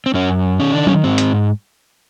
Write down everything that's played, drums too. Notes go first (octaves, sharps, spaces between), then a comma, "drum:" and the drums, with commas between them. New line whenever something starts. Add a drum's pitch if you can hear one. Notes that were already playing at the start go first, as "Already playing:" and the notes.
C4
F#2 C#4
D#3 C#4
D4
C#4, drum: tom F#3
G#2 C4
drum: hi-hat